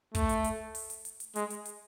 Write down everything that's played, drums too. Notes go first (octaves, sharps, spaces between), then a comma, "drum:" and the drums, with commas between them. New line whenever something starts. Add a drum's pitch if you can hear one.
A3, drum: kick, hi-hat
drum: hi-hat
drum: hi-hat
drum: open hi-hat
drum: hi-hat
drum: hi-hat
drum: hi-hat
G#3, drum: hi-hat
drum: hi-hat
drum: hi-hat